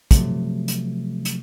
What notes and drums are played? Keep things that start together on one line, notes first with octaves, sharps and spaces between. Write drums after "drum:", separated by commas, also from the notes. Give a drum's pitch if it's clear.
C3 F3 F#3 A3, drum: kick, hi-hat
drum: hi-hat
drum: hi-hat